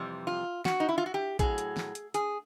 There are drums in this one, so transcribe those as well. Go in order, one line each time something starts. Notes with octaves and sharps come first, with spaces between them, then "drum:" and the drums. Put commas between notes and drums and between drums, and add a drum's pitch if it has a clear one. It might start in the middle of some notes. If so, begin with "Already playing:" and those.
Already playing: F2 C3 E3 G3
F4
F#4, drum: snare
D#4
E4
F4
F#4
G4
A2 F#3 G#4, drum: kick, hi-hat
drum: hi-hat
drum: snare
drum: hi-hat
G#4, drum: hi-hat